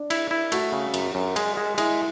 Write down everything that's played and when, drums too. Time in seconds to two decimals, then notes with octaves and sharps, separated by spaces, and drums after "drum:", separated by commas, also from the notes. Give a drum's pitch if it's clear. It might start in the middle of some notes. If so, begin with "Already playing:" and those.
Already playing: D4
0.10 E4, drum: cymbal
0.31 E4
0.52 A3 F#4, drum: cymbal
0.72 C#3
0.94 F#2, drum: cymbal
1.15 F#2
1.36 G#3, drum: cymbal
1.57 G#3
1.78 G#3 E4, drum: cymbal